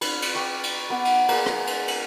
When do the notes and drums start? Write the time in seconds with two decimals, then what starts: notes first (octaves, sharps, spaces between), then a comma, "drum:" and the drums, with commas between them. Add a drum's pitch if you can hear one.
0.01 B4, drum: cymbal
0.22 drum: cymbal
0.35 G5 C#6 D6
0.63 drum: cymbal
0.90 B3 F#5 D6
1.05 drum: cymbal
1.29 A#3 G#4, drum: cymbal
1.46 drum: rim click
1.67 drum: cymbal
1.88 drum: cymbal